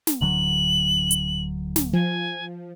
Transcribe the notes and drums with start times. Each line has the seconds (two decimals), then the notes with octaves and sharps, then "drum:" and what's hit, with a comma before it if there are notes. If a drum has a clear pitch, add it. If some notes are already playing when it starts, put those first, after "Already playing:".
0.07 drum: snare
0.21 D1 D3 F#3 F#7
1.11 drum: hi-hat
1.76 drum: snare
1.93 F3 G#5